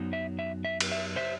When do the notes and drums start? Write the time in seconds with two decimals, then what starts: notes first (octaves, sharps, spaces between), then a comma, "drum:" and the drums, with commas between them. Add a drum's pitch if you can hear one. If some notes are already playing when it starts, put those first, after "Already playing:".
Already playing: F#2 F#3 B3 D#4
0.13 E5
0.39 E5
0.64 E5
0.80 drum: cymbal
0.92 E5
1.16 C5 E5